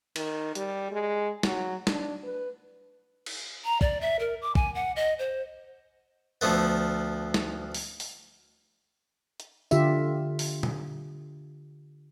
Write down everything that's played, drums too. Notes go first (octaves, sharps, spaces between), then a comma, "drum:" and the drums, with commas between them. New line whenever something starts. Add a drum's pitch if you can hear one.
D#3, drum: cymbal
G3, drum: hi-hat
G#3
F#3, drum: snare
D4, drum: snare
B4
drum: cymbal
A#5
D5, drum: kick
E5
A#4
D6
G#5, drum: kick
F#5
D#5
C5
D2 F3 A3 B3
drum: snare
drum: open hi-hat
drum: open hi-hat
drum: hi-hat
D3 F4 G4 E5, drum: tambourine
drum: open hi-hat
drum: tom